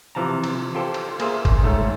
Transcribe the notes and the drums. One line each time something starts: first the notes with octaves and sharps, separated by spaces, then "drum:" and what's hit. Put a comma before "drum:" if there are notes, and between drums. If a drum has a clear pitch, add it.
C3 E3 F3 A5 A#5
drum: cymbal
F4 G4 A4 C5
drum: cymbal
A#3 G#4 C5 E5, drum: cymbal
drum: kick, cymbal
G1 G#2 A3 A4 C#5